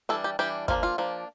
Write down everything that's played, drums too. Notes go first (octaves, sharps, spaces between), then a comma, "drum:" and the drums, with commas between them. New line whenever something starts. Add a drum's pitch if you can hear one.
E3 G3 D4 A4
G4
E3 G3 D4 G4
F3 A#3 D4 F4, drum: kick
F4
F3 A#3 D4